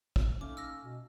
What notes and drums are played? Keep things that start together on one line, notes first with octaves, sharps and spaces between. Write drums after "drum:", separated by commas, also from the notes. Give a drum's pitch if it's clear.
drum: kick
A3 A#3 C#4 D#4 D6
E6 F6 A#6
B2